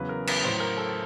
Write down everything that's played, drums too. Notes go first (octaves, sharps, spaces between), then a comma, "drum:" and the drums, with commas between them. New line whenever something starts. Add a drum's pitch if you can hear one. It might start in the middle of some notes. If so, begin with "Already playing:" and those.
Already playing: E2 C#3 F#3 B4
A#4
B4, drum: cymbal
A2 F#3 C5
A#4
A4